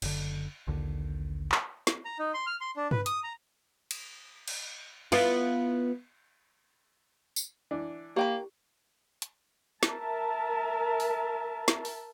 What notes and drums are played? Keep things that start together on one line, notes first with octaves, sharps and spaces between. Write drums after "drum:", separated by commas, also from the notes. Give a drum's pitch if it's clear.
F#1 D3, drum: cymbal
A#1 D#2 D3
drum: clap
drum: snare
A#5
D#4
C6
F6
C6
D4
B4, drum: tom G2
D#6, drum: hi-hat
A#5
drum: cymbal
drum: cymbal
B3 E4 F4, drum: cymbal
drum: tambourine
E3 D4
A#3 G4 A#4 G5 B5
drum: hi-hat
A#4 E5 A5, drum: snare
drum: open hi-hat
drum: snare
drum: open hi-hat